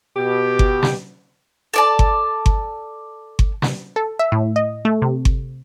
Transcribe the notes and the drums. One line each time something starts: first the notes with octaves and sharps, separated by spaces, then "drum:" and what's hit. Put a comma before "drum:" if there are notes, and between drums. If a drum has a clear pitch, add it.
B2 G4
drum: kick G1
drum: snare
A4 D5 A5
drum: kick G1
drum: kick G1
drum: kick G1
drum: snare
A4
E5
A2
D#5
A3
C3
drum: kick G1